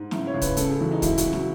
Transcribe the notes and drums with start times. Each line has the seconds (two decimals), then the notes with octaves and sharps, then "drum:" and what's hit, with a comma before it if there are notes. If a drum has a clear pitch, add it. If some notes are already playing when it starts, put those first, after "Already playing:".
Already playing: G#2
0.11 C#3 E4, drum: snare
0.27 C#5
0.34 C#2
0.42 B4, drum: kick, hi-hat
0.57 C#3 A4, drum: hi-hat
0.69 G#4
0.81 E3 F#4
0.92 D#4
1.02 C#2 E4, drum: kick, hi-hat
1.18 F#4, drum: hi-hat
1.25 C#3
1.33 E4, drum: snare